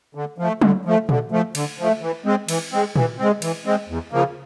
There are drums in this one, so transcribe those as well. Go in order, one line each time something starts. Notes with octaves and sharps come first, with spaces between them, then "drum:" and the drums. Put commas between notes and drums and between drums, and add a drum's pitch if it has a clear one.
D3
F3 A3
D3, drum: tom F#3
F3 A3
D3, drum: tom A#2
F3 A3
D3, drum: cymbal
F3 A3
E3
G#3 C4
E3, drum: cymbal
G#3 C4
E3, drum: tom A#2
G#3 C4
E3, drum: cymbal
G#3 C4
E2
C#3 F3 A#3